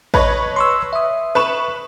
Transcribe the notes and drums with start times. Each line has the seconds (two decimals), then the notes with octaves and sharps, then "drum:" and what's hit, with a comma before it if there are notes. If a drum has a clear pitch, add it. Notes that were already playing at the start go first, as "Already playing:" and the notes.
0.14 B4 C#5 D#5 A5, drum: kick A1
0.56 C6 C#6 E6
0.93 E5 D#6
1.35 B4 C#6 E7